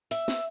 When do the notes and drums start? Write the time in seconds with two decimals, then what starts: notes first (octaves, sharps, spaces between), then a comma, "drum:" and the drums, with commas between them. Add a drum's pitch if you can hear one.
0.11 E5, drum: open hi-hat
0.28 drum: snare